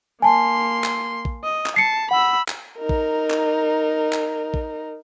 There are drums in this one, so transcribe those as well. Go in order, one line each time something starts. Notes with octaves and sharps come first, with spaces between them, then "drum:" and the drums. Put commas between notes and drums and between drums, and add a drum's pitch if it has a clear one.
A#3 G#5 A5 C6
drum: clap
drum: kick
D#5
drum: clap
A5 C7 C#7
F#5 B5 E6
drum: clap
D#4 A#4
drum: kick
drum: clap
drum: clap
drum: kick